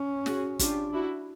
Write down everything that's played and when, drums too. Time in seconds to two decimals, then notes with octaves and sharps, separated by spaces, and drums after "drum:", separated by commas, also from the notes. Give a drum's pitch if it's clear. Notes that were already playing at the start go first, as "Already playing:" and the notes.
Already playing: C#4
0.26 F#4 G#4, drum: snare
0.59 D4 F4 G4, drum: kick, hi-hat
0.94 E4 F#4